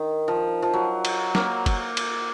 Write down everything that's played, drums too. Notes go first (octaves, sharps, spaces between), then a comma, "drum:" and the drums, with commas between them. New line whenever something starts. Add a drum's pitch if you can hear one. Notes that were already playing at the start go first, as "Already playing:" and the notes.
Already playing: D#3
F3
F3
F#3
drum: cymbal
A#3, drum: snare
drum: kick, cymbal
drum: cymbal